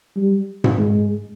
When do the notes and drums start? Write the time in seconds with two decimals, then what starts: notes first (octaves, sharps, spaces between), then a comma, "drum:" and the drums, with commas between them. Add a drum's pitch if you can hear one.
0.16 G3
0.64 drum: tom G#2
0.79 G#3